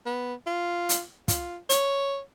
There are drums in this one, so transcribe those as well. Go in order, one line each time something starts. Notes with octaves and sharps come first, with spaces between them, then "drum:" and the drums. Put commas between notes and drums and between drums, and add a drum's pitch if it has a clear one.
B3
F4
drum: hi-hat
F4, drum: kick, hi-hat
C#5, drum: hi-hat